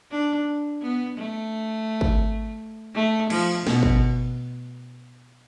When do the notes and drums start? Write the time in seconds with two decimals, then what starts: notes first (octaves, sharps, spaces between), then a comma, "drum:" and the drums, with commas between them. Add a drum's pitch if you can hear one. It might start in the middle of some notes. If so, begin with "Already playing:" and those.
0.11 D4
0.82 B3
1.18 A3
2.01 drum: kick G#1
2.95 A3
3.30 F3, drum: cymbal
3.67 B2, drum: snare
3.83 drum: kick G#1